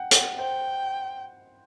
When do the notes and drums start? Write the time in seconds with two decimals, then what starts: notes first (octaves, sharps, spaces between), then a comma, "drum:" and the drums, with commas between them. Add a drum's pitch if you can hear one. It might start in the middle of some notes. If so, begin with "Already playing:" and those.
Already playing: F#5 G5
0.11 G5, drum: hi-hat
0.16 F#5
0.38 C5 G5